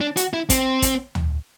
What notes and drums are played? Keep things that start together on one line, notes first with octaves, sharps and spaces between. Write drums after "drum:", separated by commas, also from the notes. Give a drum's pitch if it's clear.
D4
F#4, drum: hi-hat
E4
C4, drum: kick, hi-hat
drum: kick, hi-hat
drum: tom